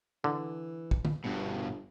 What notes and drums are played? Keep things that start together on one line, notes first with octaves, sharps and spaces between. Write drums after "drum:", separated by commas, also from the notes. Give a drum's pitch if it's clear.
D3 E3
drum: kick
drum: tom
G1 G2 B2